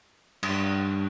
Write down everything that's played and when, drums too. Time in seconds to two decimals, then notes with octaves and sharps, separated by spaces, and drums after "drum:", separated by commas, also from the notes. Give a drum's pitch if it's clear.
0.43 G2, drum: cymbal